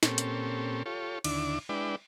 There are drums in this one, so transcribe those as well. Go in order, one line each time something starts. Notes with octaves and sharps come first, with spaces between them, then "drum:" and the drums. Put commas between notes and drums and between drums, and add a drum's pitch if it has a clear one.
A#2 C4 C#4 G4 A4, drum: snare
drum: hi-hat
F4 G4 A4 C#5
D#2 D3 D4 E4 D6, drum: cymbal
G#3 D4 E4 B4 D5 G5